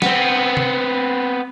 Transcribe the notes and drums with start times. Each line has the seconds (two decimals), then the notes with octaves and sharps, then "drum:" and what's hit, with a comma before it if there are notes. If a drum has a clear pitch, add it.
0.02 B3 C4, drum: snare
0.57 drum: tom C3